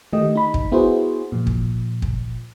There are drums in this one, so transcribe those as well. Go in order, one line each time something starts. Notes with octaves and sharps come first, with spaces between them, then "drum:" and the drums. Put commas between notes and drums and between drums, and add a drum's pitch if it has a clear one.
D#3 A3 G4 D#5
D#4 B5
drum: kick
B3 E4 F#4 G#4 C5
A#2 F3
drum: kick
drum: kick